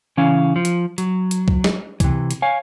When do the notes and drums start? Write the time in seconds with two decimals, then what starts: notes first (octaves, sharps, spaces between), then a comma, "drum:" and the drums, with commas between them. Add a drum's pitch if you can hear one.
0.17 C#3 E3 C#4 E4 F5
0.56 F3
0.65 drum: hi-hat
0.98 F#3, drum: hi-hat
1.31 drum: hi-hat
1.48 drum: kick
1.64 drum: snare
2.00 C3 E3, drum: kick, hi-hat
2.31 drum: hi-hat
2.42 C#5 F5 G#5